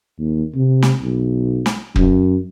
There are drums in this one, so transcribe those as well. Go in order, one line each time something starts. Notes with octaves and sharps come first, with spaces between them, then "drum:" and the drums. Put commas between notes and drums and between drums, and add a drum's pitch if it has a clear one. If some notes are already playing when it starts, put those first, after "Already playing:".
D#2
C3
drum: snare
B1
drum: snare
F#2, drum: kick